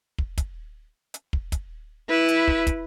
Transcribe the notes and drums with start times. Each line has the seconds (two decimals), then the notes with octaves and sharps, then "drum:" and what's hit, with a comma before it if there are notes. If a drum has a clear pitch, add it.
0.18 drum: kick
0.38 drum: kick, hi-hat
1.14 drum: hi-hat
1.33 drum: kick
1.52 drum: kick, hi-hat
2.09 E4 B4
2.28 drum: hi-hat
2.48 drum: kick
2.67 drum: kick, hi-hat